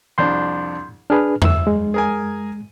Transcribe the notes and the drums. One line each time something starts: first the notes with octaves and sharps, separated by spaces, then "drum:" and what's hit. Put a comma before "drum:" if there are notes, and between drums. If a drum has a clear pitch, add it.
C2 F2 D4 C6 G6
D4 G#4 B4 F6
E5 E6, drum: tom E2
G#3
G#4 A#4 G#5